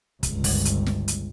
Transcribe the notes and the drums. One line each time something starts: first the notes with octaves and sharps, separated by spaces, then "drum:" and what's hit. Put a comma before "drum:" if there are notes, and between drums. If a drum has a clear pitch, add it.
G1 C#2, drum: kick, hi-hat
drum: kick, open hi-hat
drum: hi-hat
drum: snare
drum: hi-hat